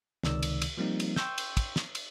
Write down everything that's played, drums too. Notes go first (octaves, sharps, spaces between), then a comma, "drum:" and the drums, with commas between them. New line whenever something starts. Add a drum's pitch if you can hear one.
C#2 C3 D#3 D5 E6, drum: snare
drum: cymbal
drum: cymbal
F3 G3 A#3 C4 D#4
drum: cymbal
G5 C6 C#6 E6 G6, drum: snare
drum: cymbal
drum: kick, cymbal
drum: snare
drum: cymbal